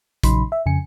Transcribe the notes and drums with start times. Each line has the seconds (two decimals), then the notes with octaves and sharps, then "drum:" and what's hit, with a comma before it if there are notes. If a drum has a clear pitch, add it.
0.23 A#1 C#3 F#3 D#4 B5 C6, drum: kick A#1, hi-hat
0.52 E5
0.66 F2 C#3 G#5 C#7